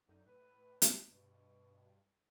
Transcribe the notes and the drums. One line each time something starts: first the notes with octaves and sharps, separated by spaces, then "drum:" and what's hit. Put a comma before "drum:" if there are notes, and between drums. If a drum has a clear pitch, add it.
F#2 D3 D#4
A2 B4
drum: hi-hat
G2 B2